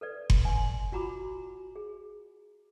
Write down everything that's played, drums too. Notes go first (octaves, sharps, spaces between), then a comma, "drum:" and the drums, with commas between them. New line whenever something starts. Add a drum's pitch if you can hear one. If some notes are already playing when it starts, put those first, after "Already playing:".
A4 B4 D5
drum: kick F#1
G#5 C6
F4 F#4 A#5 B5 D6
G#4